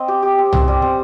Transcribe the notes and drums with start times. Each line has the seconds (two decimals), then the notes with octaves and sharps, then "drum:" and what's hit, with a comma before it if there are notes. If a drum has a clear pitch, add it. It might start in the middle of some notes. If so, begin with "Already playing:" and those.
Already playing: C4 D#5
0.08 G4
0.23 G4
0.38 C4
0.53 C4, drum: tom C2
0.68 G3
0.82 C4